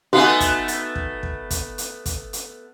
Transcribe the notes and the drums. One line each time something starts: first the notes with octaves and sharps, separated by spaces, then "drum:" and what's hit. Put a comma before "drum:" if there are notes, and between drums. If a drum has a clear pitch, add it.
A3 B3 D#4 F#4 F5 G#5
drum: kick, hi-hat
drum: hi-hat
drum: kick
drum: kick
drum: kick, hi-hat
drum: hi-hat
drum: kick, hi-hat
drum: hi-hat